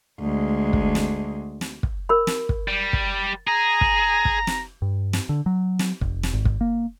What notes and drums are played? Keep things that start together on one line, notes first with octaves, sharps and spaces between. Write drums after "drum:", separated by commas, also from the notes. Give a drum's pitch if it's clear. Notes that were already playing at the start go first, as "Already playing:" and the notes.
D2 G#3
drum: kick
drum: snare
drum: snare
drum: kick
A#4 B5
drum: snare
drum: kick
G3
drum: kick
G#4 A#5
drum: kick
drum: kick
drum: snare
G2
drum: snare
D3
F#3
drum: snare
F1, drum: kick
drum: snare
G#1
drum: kick
A#3